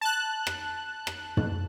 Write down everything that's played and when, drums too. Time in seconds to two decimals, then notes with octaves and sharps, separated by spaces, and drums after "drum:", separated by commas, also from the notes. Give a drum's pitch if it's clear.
0.01 A5 F#6
0.47 drum: rim click
1.07 drum: rim click
1.37 drum: tom